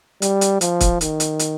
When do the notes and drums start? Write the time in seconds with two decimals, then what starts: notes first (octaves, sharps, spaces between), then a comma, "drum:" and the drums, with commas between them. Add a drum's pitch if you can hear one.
0.22 G3, drum: hi-hat
0.41 drum: hi-hat
0.61 F3, drum: hi-hat
0.80 drum: kick, hi-hat
1.01 D#3, drum: hi-hat
1.20 drum: hi-hat
1.39 drum: hi-hat